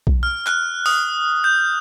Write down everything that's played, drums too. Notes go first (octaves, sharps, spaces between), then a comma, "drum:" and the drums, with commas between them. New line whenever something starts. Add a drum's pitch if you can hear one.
drum: kick B1
F6
F#6, drum: clap
D#6, drum: open hi-hat
G6